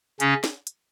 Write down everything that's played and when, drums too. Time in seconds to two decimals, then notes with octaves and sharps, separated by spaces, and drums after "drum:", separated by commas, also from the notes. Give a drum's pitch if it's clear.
0.20 C#3 C#4, drum: hi-hat
0.44 drum: snare
0.67 drum: hi-hat